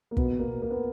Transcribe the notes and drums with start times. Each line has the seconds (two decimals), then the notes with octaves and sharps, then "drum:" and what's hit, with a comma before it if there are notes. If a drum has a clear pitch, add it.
0.11 A#3
0.17 B2 B3, drum: kick
0.39 A#3
0.62 A#3
0.70 B3